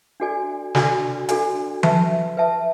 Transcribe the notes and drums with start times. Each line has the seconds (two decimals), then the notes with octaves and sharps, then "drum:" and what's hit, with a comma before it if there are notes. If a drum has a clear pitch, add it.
0.20 D4 F#4 A4 D5 G#5
0.75 D4 F#4 A4 D5 G#5, drum: snare
1.29 D4 F#4 A4 D5 G#5, drum: hi-hat
1.83 B4 E5 A5, drum: tom F3
2.37 B4 E5 A5